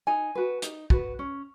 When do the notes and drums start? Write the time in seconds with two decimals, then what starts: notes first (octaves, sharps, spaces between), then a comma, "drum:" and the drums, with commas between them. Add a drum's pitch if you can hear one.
0.07 D#4 G#5
0.35 F#4 B4
0.62 D#4, drum: hi-hat
0.90 F#4 B4, drum: kick
1.19 C#4